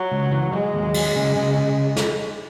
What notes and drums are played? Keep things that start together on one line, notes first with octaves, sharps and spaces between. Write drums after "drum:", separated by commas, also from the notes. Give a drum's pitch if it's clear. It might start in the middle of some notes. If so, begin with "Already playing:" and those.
Already playing: F#3
C#2
E3
F#3 G#3
D#2
F#3, drum: cymbal
C#3
C#3
C#3
drum: snare